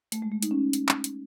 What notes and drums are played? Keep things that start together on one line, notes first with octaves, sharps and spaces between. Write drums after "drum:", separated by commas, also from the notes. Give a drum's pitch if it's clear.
A3, drum: hi-hat
G#3
A3
D#4, drum: hi-hat
C#4
drum: hi-hat
drum: clap
drum: hi-hat